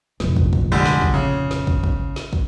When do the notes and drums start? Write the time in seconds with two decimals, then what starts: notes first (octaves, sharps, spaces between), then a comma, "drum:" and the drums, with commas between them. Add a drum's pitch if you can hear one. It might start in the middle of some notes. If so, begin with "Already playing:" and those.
0.20 F1 A#1, drum: snare
0.36 drum: kick
0.53 drum: kick
0.72 D3 G3 G#3
0.85 drum: snare
1.02 drum: kick
1.14 C#3
1.51 drum: snare
1.67 drum: kick
1.84 drum: kick
2.16 drum: snare
2.33 drum: kick